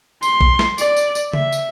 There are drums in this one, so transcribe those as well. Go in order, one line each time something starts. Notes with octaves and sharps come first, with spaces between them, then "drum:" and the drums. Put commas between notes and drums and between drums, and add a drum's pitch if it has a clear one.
C6, drum: tambourine
drum: kick A#1
drum: snare
D5, drum: tambourine
drum: tambourine
drum: tambourine
E5, drum: tom C#3
drum: tambourine